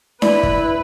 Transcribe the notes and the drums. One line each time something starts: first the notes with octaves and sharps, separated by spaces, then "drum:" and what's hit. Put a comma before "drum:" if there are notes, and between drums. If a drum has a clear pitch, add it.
E4 B4 D5, drum: snare D4
drum: kick